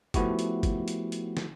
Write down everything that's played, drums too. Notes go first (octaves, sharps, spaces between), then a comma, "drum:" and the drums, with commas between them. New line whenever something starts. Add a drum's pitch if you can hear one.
F3 A3 B3 E4 F#4 G4, drum: kick, hi-hat
drum: hi-hat
drum: kick, hi-hat
drum: hi-hat
drum: hi-hat
drum: snare